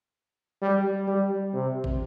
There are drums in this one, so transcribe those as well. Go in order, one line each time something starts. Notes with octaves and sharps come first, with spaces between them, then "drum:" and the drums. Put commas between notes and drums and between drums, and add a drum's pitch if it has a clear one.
G3
G3
C3
drum: kick